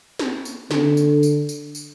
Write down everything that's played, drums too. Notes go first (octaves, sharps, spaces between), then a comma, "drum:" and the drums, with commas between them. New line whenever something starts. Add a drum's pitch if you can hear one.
drum: snare
drum: tambourine
D3, drum: snare
drum: tambourine
drum: tambourine
drum: tambourine
drum: tambourine